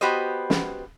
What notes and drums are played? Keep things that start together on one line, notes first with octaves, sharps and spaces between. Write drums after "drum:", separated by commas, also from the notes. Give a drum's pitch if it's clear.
B3 F#4 G4 B4 C5 D#5
drum: snare